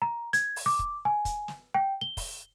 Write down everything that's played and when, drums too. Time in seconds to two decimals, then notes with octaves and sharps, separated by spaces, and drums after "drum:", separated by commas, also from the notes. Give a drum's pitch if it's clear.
0.02 A#5
0.33 G#6, drum: hi-hat
0.56 drum: open hi-hat
0.66 D6
0.79 drum: kick
1.05 G#5
1.25 drum: kick, hi-hat
1.48 drum: snare
1.74 G5
2.01 G7
2.17 drum: kick, open hi-hat